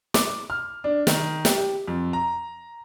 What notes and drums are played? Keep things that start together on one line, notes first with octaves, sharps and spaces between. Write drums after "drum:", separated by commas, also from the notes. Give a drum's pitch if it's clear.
D6, drum: snare
F6
D4
D#3, drum: snare
G4, drum: snare
F2
A#5